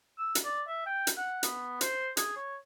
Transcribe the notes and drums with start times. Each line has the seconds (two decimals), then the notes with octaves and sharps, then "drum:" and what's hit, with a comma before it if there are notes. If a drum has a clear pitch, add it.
0.18 E6
0.35 drum: hi-hat
0.45 D5
0.68 E5
0.86 G5
1.07 drum: hi-hat
1.17 F#5
1.43 B3, drum: hi-hat
1.81 C5, drum: hi-hat
2.17 G#4, drum: hi-hat
2.36 C#5